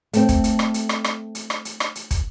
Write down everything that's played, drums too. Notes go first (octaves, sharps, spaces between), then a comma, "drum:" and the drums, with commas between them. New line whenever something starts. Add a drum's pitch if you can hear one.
A3 C4, drum: hi-hat
drum: kick, hi-hat
drum: hi-hat
drum: rim click
drum: hi-hat
drum: rim click
drum: rim click
drum: hi-hat
drum: rim click
drum: hi-hat
drum: rim click
drum: hi-hat
drum: kick, hi-hat